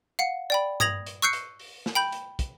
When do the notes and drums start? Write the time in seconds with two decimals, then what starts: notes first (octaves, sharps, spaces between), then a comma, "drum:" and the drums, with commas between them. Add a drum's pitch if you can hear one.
0.19 F5 F#5 C7
0.50 D5 G5 B5
0.80 D#6 G#6 A#6 F7 F#7, drum: tom G2
1.06 drum: hi-hat
1.22 C#6 E6 F#6 G6 C7 C#7
1.33 drum: hi-hat
1.59 drum: open hi-hat
1.86 drum: snare
1.95 G5 B5 G6
2.12 drum: hi-hat
2.39 drum: kick, hi-hat